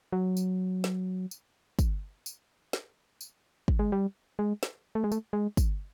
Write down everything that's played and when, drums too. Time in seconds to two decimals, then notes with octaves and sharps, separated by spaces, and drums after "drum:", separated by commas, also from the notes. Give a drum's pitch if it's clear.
0.13 F#3
0.37 drum: tambourine
0.84 drum: snare
1.31 drum: tambourine
1.79 drum: kick, tambourine
2.26 drum: tambourine
2.73 drum: snare
3.21 drum: tambourine
3.68 drum: kick
3.79 G#3
3.92 G3
4.39 G#3
4.63 drum: snare
4.95 A3
5.04 G#3
5.12 A3, drum: tambourine
5.33 G#3
5.57 drum: kick, tambourine